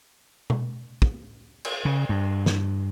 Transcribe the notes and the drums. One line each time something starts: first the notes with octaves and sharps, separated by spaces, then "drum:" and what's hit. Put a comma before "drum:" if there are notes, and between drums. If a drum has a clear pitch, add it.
drum: tom B2
drum: kick
drum: cymbal
C#3
G2
drum: snare